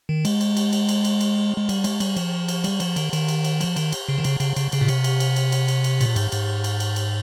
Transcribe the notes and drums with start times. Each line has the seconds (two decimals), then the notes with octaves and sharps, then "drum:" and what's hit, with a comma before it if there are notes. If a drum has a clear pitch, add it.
0.09 D#3
0.25 G#3, drum: cymbal
0.41 drum: cymbal
0.57 drum: cymbal
0.73 drum: cymbal
0.89 drum: cymbal
1.05 drum: cymbal
1.21 drum: cymbal
1.57 G#3
1.69 G3, drum: cymbal
1.84 G#3, drum: cymbal
2.00 G3, drum: cymbal
2.16 F3, drum: cymbal
2.48 drum: cymbal
2.64 G3, drum: cymbal
2.80 F3, drum: cymbal
2.96 D#3, drum: cymbal
3.13 D#3, drum: cymbal
3.28 drum: cymbal
3.44 drum: cymbal
3.61 F3, drum: cymbal
3.76 D#3, drum: cymbal
3.92 drum: cymbal
4.08 C#3
4.18 D#3
4.24 C#3, drum: cymbal
4.40 C#3, drum: cymbal
4.56 C#3, drum: cymbal
4.72 C#3, drum: cymbal
4.81 A#2
4.88 C3, drum: cymbal
5.04 drum: cymbal
5.20 drum: cymbal
5.36 drum: cymbal
5.52 drum: cymbal
5.68 drum: cymbal
5.84 drum: cymbal
6.01 A#2, drum: cymbal
6.16 G#2, drum: cymbal
6.32 G#2, drum: cymbal
6.64 drum: cymbal
6.80 drum: cymbal
6.96 drum: cymbal